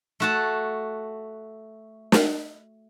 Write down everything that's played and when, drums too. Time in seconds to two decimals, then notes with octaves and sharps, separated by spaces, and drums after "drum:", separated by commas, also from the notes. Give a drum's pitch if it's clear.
0.20 A3 F#4 A5
2.12 drum: snare